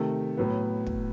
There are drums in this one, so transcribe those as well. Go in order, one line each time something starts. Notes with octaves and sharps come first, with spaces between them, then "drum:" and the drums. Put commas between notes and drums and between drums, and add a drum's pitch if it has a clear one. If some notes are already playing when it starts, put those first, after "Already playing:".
Already playing: C3 D#3 A3
A2 F#3 B3
drum: kick